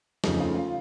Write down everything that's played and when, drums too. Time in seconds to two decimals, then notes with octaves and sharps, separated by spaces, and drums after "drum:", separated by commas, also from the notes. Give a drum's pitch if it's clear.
0.24 F2 C#3 F3 A3 D#4, drum: snare
0.40 F4
0.55 F4